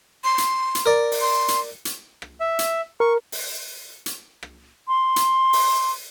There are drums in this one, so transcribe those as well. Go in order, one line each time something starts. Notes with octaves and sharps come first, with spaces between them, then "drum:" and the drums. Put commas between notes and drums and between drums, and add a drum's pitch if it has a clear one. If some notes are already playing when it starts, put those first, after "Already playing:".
C6
drum: hi-hat
drum: hi-hat
A#4 D5
drum: open hi-hat
C6
drum: hi-hat
drum: hi-hat
drum: rim click
E5
drum: hi-hat
A#4 C#6
drum: open hi-hat
drum: hi-hat
drum: rim click
C6
drum: hi-hat
drum: open hi-hat